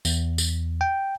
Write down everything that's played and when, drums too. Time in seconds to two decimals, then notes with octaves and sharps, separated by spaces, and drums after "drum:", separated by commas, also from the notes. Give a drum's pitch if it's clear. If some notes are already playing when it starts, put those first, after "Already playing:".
0.05 E2, drum: tambourine
0.38 drum: tambourine
0.81 G5